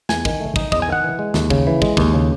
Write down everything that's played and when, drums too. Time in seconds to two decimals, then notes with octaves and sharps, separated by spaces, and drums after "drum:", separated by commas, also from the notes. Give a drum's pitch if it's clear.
0.09 E2 G#5, drum: snare
0.25 D#3, drum: kick
0.40 A3
0.56 D#4, drum: kick
0.72 E2 D#5, drum: kick
0.82 G#5
0.88 D#3 F#5
1.04 E3
1.19 G#3
1.34 D#2, drum: snare
1.50 C#3, drum: kick
1.67 E3
1.82 G#3, drum: kick
1.97 D#2, drum: kick
2.13 C#3